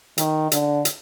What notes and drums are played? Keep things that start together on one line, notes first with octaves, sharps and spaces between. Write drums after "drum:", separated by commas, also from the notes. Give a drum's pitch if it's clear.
D#3, drum: hi-hat
D3, drum: hi-hat
drum: hi-hat